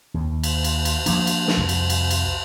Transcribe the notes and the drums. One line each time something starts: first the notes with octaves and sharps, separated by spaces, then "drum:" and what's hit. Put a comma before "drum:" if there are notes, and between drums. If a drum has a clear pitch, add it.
D#2
drum: cymbal
drum: cymbal
drum: cymbal
F3 A#3 D4, drum: cymbal
drum: cymbal
drum: snare
C2 F2
drum: cymbal
drum: cymbal
drum: cymbal